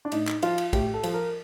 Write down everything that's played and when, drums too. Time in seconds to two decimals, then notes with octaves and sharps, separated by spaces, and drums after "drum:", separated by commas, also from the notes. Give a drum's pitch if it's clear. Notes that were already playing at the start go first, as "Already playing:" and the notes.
0.05 D4
0.12 A2 D#4, drum: cymbal
0.27 drum: clap
0.42 F3 F4, drum: cymbal
0.58 drum: cymbal
0.73 A2 G4, drum: kick A1, cymbal
0.94 A4
1.03 F3, drum: cymbal
1.14 A#4